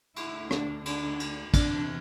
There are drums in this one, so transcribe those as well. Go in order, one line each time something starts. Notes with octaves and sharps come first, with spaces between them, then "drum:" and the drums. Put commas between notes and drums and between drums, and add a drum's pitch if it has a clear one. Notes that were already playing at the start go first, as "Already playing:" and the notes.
D2 E4, drum: cymbal
D3
D4, drum: rim click
D4, drum: cymbal
drum: cymbal
E2 C3 E3 D4, drum: kick, cymbal